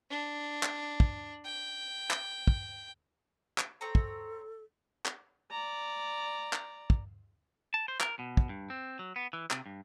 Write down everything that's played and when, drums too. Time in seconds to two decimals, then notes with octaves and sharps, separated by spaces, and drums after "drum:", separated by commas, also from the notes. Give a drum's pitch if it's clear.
0.10 D4
0.63 drum: clap
1.00 drum: kick
1.45 G5
2.11 drum: clap
2.47 drum: kick
3.58 drum: clap
3.81 C4 A4 C#5 A#5
3.95 drum: kick
5.06 drum: clap
5.51 D5 A#5
6.53 drum: clap
6.90 drum: kick
7.74 A5
7.88 C5
8.00 A#4, drum: clap
8.19 B2
8.37 drum: kick
8.49 G2
8.70 C4
8.99 F#3
9.16 B3
9.33 E3
9.51 C3, drum: clap
9.66 G2